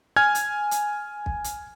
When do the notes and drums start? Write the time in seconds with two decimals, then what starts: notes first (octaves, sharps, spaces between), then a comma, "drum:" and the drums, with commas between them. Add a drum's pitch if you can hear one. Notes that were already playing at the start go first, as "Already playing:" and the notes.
0.16 G#5 F6 G#6
0.35 drum: hi-hat
0.71 drum: hi-hat
1.26 drum: kick
1.44 drum: hi-hat